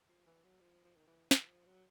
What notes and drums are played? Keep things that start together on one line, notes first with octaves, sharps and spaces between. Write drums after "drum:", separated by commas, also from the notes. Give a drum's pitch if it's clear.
F3
E3
F#3
F3
F3
D#3
E3
E3, drum: snare
F3
F#3